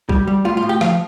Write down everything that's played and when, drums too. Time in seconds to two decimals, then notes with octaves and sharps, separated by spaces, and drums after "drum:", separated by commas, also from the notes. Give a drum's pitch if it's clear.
0.09 G3, drum: kick B1
0.27 G3
0.45 A2 F4
0.57 F4
0.62 A2
0.69 G4
0.81 F3 F5, drum: rim click